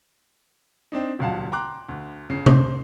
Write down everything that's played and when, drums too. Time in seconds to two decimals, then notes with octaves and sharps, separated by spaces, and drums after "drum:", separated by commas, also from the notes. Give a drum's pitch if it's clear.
0.92 C4 D4 D#4
1.19 D#1 C#2 F#3 F5 F#5 A5
1.52 G5 A#5 C6 D6 F#6
1.88 D2
2.29 G1 C#3 C7
2.46 C5, drum: tom C3